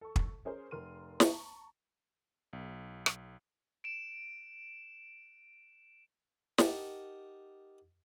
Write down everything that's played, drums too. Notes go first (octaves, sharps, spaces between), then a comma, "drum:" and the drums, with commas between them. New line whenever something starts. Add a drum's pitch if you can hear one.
A4 C#6
drum: kick
C#4 G#4 A#4 C5
F1 A#4 C6 F6 D#7
A5 A#5 C#6, drum: snare
B1
drum: rim click
D7 E7
D#4 G4 A#4 F#5 A5, drum: snare